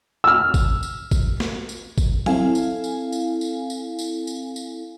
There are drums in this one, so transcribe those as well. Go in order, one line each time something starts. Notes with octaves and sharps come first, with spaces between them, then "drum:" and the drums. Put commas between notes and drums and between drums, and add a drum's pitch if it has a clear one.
E6 F6
drum: kick, tambourine
drum: tambourine
drum: kick, tambourine
drum: snare
drum: tambourine
drum: kick, tambourine
C4 E4 A4 F5 G#5, drum: tom F#3
drum: tambourine
drum: tambourine
drum: tambourine
drum: tambourine
drum: tambourine
drum: tambourine
drum: tambourine
drum: tambourine